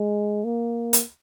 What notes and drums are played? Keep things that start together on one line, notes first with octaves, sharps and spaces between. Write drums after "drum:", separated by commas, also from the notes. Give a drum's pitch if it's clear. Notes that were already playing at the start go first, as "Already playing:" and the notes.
Already playing: G#3
A#3
drum: hi-hat